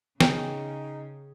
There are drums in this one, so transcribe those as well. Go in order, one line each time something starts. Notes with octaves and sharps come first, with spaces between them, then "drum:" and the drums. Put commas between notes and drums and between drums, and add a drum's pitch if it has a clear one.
C#3 D#4 G#4 C#5 G5, drum: snare